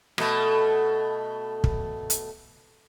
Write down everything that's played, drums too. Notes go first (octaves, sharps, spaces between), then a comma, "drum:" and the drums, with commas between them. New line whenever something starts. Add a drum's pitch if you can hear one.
B2 A3, drum: rim click
drum: kick
drum: hi-hat